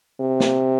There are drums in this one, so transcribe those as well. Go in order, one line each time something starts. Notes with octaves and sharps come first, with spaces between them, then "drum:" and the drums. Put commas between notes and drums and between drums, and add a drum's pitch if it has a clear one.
C3
drum: snare